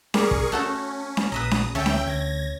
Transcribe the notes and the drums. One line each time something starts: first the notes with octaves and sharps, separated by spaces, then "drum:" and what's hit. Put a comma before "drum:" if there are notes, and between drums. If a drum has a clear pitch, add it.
G3 G#4 A#4 C#6, drum: snare C#4
drum: kick
A3 C#4 F#4 A4
drum: snare C#4
A#1 B4 E5 A#5 D#6
drum: snare C#4
D2 C#4 A4 E5 G5
drum: snare C#4
D2 G#6 A#6